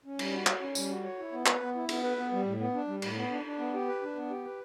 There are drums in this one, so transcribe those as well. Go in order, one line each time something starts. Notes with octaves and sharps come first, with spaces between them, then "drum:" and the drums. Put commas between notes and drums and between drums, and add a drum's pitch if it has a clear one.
C#4
G3, drum: cymbal
F#4
C#5, drum: clap
C#4
G3, drum: tambourine
F#4
C#5
E4
B3
B4, drum: clap
B3
E4
B3, drum: cymbal
B4
B3
G3
A2
B3
D4
G3
A2, drum: cymbal
B3
D4
D4
B3
G4
B4
D4
B3
G4
B4